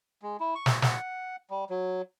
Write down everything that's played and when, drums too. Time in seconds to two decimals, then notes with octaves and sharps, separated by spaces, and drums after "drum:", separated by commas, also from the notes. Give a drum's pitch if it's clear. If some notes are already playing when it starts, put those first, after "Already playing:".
0.22 G#3
0.40 E4
0.55 C#6
0.66 drum: snare
0.82 F#5, drum: snare
1.50 G3
1.70 F#3